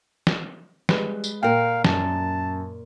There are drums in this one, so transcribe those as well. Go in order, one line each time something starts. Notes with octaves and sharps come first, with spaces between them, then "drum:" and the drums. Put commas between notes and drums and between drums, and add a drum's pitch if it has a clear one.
drum: snare
G3 G#3 B4, drum: snare
drum: tambourine
A#2 A#4 F5 G5
F#2 A5, drum: snare